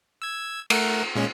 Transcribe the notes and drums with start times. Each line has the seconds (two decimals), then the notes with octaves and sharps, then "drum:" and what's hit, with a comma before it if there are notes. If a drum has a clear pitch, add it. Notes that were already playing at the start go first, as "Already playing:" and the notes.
0.22 E6 G#6
0.70 A3 A#4 F#5, drum: cymbal
1.15 A#2 G#3 C#4